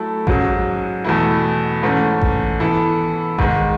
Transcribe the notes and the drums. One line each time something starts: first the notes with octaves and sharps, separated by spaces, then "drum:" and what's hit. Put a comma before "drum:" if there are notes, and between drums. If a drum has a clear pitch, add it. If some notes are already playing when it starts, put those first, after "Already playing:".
Already playing: F#3 A3 E4 A4
G#2 F#3 C#4 G#4, drum: kick A1
E2 B2 A3 E4
G#2 E3 A3 C#4
drum: kick A1
E3 B3 E4 A4
G#2 D#3 G#3, drum: kick A1